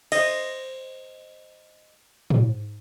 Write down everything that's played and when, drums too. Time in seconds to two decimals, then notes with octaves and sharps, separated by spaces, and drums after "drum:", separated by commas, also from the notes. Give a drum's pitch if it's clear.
0.12 C5 D#5, drum: cymbal
2.30 drum: tom